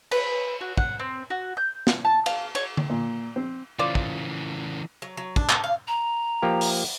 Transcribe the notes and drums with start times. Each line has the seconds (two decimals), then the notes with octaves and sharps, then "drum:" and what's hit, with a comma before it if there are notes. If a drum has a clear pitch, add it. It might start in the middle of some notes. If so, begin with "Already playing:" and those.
0.11 B4, drum: cymbal
0.61 F#4
0.77 F#5, drum: kick
1.00 C4
1.30 F#4
1.57 G6
1.87 drum: snare
2.05 A5
2.26 F5, drum: cymbal
2.55 C#5, drum: cymbal
2.77 drum: tom D3
2.90 A#2
3.36 C4
3.79 C#3 E3 F4 C5 D5
3.95 drum: kick
5.02 F#3
5.17 F#3
5.36 D4, drum: kick
5.50 A5, drum: clap
5.64 F5
5.88 A#5
6.42 F3 A#3 G4
6.61 drum: open hi-hat